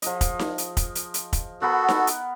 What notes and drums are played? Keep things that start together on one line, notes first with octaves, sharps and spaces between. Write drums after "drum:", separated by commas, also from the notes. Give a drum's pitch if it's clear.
F3 G#4 D#5, drum: hi-hat
drum: kick, hi-hat
drum: snare D#4
drum: hi-hat
drum: kick, hi-hat
drum: hi-hat
drum: hi-hat
drum: kick, hi-hat
B3 F#4 A4 A#4 F#5
drum: snare D#4
drum: hi-hat